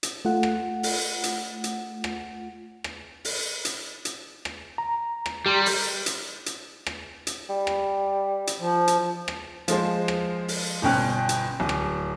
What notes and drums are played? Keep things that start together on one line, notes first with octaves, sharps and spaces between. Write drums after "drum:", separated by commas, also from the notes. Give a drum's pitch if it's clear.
drum: hi-hat
A3 F4 F#5
drum: rim click
drum: open hi-hat
drum: hi-hat
drum: hi-hat
drum: rim click
drum: rim click
drum: open hi-hat
drum: hi-hat
drum: hi-hat
drum: rim click
A#5
drum: rim click
G3 G4 A#5 C6
drum: open hi-hat
drum: hi-hat
drum: hi-hat
drum: rim click
drum: hi-hat
G3
drum: rim click
drum: hi-hat
F3
drum: hi-hat
drum: rim click
F3 G#3 C5, drum: hi-hat
drum: rim click
drum: open hi-hat
G1 B2 C#4 G5 F#6
drum: hi-hat
D1
drum: rim click